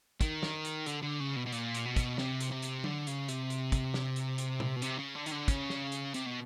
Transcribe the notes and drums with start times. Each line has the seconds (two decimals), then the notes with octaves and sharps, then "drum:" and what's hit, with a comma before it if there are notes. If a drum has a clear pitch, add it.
0.21 D#3, drum: kick, hi-hat
0.43 drum: snare
0.65 drum: hi-hat
0.86 D3, drum: hi-hat
1.03 D3
1.20 C#3
1.36 B2
1.46 B2
1.52 A#2, drum: hi-hat
1.75 drum: hi-hat
1.85 B2
1.96 drum: kick, hi-hat
2.18 C3, drum: snare
2.40 drum: hi-hat
2.51 C3
2.62 drum: hi-hat
2.84 D3, drum: tom F#3
3.07 C#3, drum: hi-hat
3.28 C3, drum: hi-hat
3.50 drum: hi-hat
3.72 drum: kick, hi-hat
3.94 drum: snare
4.16 drum: hi-hat
4.38 drum: hi-hat
4.60 drum: tom
4.76 B2
4.82 C3, drum: hi-hat
4.98 C#3
5.15 D3
5.26 D#3, drum: hi-hat
5.31 D3
5.48 C#3, drum: kick, hi-hat
5.70 drum: snare
5.92 drum: hi-hat
6.14 C3, drum: hi-hat
6.26 B2